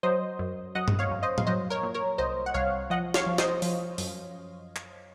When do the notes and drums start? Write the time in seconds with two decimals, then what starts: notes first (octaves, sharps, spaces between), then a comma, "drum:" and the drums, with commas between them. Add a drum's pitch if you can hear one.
0.03 F#3 C5 D#5
0.39 F#2
0.75 F#2 D#5 F#5
0.88 drum: tom G2
0.99 C#5 F5
1.11 F#2
1.23 C5 D#5
1.38 F5, drum: tom A2
1.47 F#3 C5 D#5
1.70 A#4 C#5
1.83 A#2
1.94 A#4 C#5
2.18 C2 C5 D#5
2.46 F#5
2.54 C2 C#5 F5
2.90 F3 D#5 F#5
3.14 C#5 F5, drum: snare
3.26 F3
3.38 C5 D#5, drum: snare
3.62 F3, drum: open hi-hat
3.98 F#2, drum: open hi-hat
4.76 drum: clap